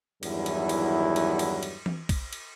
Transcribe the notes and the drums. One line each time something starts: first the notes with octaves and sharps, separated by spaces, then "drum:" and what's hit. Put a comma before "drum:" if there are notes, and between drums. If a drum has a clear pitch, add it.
E2 G2 D#3 F#3 E4, drum: cymbal
drum: cymbal
drum: cymbal
drum: cymbal
drum: cymbal
drum: cymbal
drum: tom E3
drum: kick, cymbal
drum: cymbal